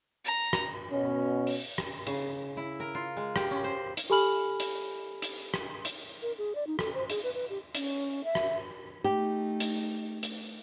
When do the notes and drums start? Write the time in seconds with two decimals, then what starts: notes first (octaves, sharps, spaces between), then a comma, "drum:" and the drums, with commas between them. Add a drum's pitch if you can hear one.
0.25 A#5
0.53 drum: rim click
0.91 B2 C#4
1.47 drum: open hi-hat
1.78 drum: rim click
2.07 C#3, drum: hi-hat
2.57 E4
2.80 A#4
2.95 F4
3.17 G#3
3.36 G4, drum: rim click
3.51 C#4
3.64 C5
3.97 drum: hi-hat
4.10 G4 A4 G#5 B5 F6 F#7
4.60 drum: hi-hat
5.22 drum: hi-hat
5.54 drum: rim click
5.85 drum: hi-hat
6.22 A#4
6.38 G#4
6.55 D5
6.67 D#4
6.79 A4, drum: rim click
6.94 C5
7.10 G#4, drum: hi-hat
7.23 B4
7.35 B4
7.50 G4
7.75 C#4, drum: hi-hat
8.24 E5
8.35 drum: rim click
9.04 A3 D#4 G4
9.60 drum: hi-hat
10.23 drum: hi-hat